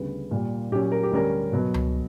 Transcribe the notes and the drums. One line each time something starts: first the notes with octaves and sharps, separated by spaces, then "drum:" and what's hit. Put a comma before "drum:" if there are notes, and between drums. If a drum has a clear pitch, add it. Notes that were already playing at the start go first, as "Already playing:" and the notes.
Already playing: D2 C#3 G3 B3
A#2 G3 A#3
A#2 F#3 C#4 G4
A#4
G4
D2 D3 G3 C#4 A#4
B2 F#3 B3
drum: tom C#2